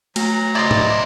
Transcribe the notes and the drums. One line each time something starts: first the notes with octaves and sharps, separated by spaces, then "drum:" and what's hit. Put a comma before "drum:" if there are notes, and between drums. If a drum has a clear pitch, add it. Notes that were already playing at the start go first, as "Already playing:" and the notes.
F#3 A3 A#5, drum: cymbal
E4 C5 D5 D#5
drum: tom